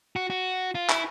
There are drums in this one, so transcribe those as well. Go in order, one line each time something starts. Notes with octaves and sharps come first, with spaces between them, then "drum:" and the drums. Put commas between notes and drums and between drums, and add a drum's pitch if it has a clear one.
F#4
F#4
F4
E4, drum: clap